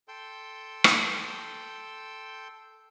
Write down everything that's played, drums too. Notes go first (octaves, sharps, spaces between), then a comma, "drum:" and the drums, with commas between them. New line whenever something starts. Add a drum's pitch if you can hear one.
A4 G5 C6 E6 G6
drum: rim click